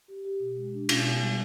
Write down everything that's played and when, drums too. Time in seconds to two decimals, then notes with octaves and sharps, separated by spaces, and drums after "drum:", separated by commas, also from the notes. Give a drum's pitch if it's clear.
0.08 G4
0.25 G4
0.40 B2
0.57 G#3
0.73 D4
0.89 B2, drum: cymbal
1.05 B3
1.21 G3